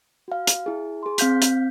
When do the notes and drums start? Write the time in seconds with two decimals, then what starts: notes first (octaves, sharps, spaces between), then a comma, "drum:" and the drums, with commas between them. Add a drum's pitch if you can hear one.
0.28 F#4 F5
0.47 drum: hi-hat
0.66 E4 G#4
1.03 G#4 C6
1.18 C4 F5 G6 B6, drum: hi-hat
1.42 drum: hi-hat